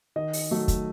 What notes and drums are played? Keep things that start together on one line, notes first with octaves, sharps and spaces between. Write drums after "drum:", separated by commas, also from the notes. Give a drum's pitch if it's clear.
D#3 D#5
drum: open hi-hat
F#3 A3
drum: kick, hi-hat